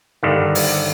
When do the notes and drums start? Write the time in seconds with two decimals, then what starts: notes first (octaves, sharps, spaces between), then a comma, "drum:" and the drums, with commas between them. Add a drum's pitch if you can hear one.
0.23 G2 D3 D#3
0.55 drum: open hi-hat